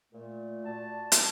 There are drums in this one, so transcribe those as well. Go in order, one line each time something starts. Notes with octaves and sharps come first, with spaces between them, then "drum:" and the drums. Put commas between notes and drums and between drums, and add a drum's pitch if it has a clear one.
A#2 A3
F#4 D5 A5
drum: hi-hat